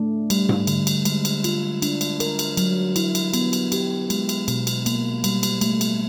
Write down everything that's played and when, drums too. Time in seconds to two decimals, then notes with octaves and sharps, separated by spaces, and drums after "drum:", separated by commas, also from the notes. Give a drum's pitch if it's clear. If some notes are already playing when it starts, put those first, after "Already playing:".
Already playing: A3 D4
0.30 G3, drum: cymbal
0.49 drum: tom G#2
0.67 D3, drum: cymbal
0.87 drum: cymbal
1.05 G#3, drum: cymbal
1.25 drum: cymbal
1.44 F4, drum: cymbal
1.82 D4, drum: cymbal
2.01 drum: cymbal
2.20 A#4, drum: cymbal
2.39 drum: cymbal
2.57 F#3, drum: cymbal
2.96 E4, drum: cymbal
3.15 drum: cymbal
3.34 B3, drum: cymbal
3.53 drum: cymbal
3.72 G4, drum: cymbal
4.10 G#3, drum: cymbal
4.29 drum: cymbal
4.48 B2, drum: cymbal
4.67 drum: cymbal
4.86 A#3, drum: cymbal
5.24 G3, drum: cymbal
5.43 drum: cymbal
5.61 A3, drum: cymbal
5.81 drum: cymbal